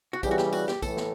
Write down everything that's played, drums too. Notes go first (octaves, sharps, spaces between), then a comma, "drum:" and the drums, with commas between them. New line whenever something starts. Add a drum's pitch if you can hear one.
F#4
C#3 E3 G3 G4, drum: kick A#1, tambourine
F#4
G4, drum: snare
F#4, drum: tambourine
G4, drum: snare
A2 E3 A4, drum: kick A#1, tambourine
drum: snare